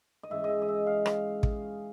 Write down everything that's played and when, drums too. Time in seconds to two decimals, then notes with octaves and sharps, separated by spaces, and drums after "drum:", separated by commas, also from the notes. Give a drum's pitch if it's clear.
0.23 D#5
0.30 G#2 E3 G#3 C#4 E5
0.44 D#5 E5
0.62 D#5
0.68 E5
0.87 F5
1.06 drum: rim click
1.43 drum: kick